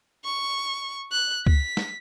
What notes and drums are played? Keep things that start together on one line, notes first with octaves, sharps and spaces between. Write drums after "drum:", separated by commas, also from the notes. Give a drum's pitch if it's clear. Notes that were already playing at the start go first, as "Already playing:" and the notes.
C#6
F#6
B6, drum: kick C#2
drum: snare